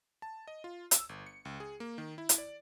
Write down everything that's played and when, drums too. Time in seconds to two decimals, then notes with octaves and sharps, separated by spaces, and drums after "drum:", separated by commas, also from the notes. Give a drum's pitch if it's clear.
0.22 A5
0.47 D#5
0.64 F4
0.91 E6, drum: hi-hat
1.09 G1
1.26 C#7
1.45 C#2
1.60 G#4
1.80 A#3
1.98 D#3
2.18 E4
2.29 drum: hi-hat
2.38 D5